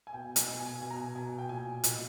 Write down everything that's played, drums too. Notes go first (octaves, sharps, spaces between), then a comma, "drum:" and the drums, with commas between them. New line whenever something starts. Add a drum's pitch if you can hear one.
G#5
B2 G5
G#5, drum: hi-hat
B2
G#5
B2 G#5
A#5
G#5
B2 G#5
G5
A#2 G#5
A#2, drum: hi-hat